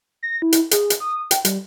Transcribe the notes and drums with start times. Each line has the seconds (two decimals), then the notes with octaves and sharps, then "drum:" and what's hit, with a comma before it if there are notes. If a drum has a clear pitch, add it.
0.23 A#6
0.42 E4
0.53 drum: hi-hat
0.71 G#4, drum: hi-hat
0.90 drum: hi-hat
1.00 D#6
1.31 G5, drum: hi-hat
1.45 G3, drum: hi-hat